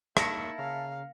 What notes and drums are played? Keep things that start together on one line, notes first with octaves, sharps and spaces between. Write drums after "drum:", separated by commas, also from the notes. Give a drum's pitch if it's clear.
A#3 D#4 E4 A5 A#6 C#7, drum: rim click
C#3 C#4 F5 A#5